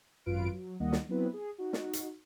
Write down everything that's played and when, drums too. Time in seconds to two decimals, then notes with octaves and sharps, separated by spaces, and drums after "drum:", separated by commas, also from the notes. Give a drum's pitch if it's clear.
0.26 G#1 F#2 F4 B4 F5 D7
0.52 F#3
0.80 D2 D#3 G3 A#3 D#5 F#5
0.92 drum: snare
1.08 F#3 B3 C4 E4 B4
1.33 G#4
1.58 D#4 F#4
1.73 drum: snare
1.93 drum: hi-hat